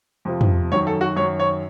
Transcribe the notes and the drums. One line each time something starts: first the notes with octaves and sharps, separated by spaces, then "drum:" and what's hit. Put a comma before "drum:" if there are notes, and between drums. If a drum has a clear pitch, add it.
F2 C3 F3
drum: tom
F#2 D#3 F#3 C#5
A4
F#4
F#2 D#3 F#3 C#5
C#5